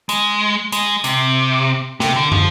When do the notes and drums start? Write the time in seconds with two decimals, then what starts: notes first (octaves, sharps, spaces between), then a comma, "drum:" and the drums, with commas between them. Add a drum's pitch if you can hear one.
0.09 G#3, drum: hi-hat
0.72 G#3, drum: hi-hat
1.04 C3, drum: hi-hat
2.00 C3, drum: snare
2.16 D3
2.32 F3, drum: tom